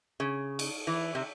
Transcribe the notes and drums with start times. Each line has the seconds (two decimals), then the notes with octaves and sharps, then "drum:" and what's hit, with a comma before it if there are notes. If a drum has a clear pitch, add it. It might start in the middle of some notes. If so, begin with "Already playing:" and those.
0.20 C#3
0.59 drum: cymbal
0.87 E3
1.15 C3